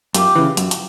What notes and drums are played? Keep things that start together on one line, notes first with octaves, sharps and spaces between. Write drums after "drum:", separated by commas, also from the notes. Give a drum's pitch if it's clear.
F#2 F4 G4, drum: hi-hat
C#3 E3
F#2, drum: hi-hat
drum: hi-hat